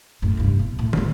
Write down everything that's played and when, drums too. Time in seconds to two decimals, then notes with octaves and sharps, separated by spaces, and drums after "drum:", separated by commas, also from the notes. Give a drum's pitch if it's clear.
0.22 F#2 A2
0.37 C2 G2
0.59 B2
0.79 A2
0.93 G#3 C#4, drum: tom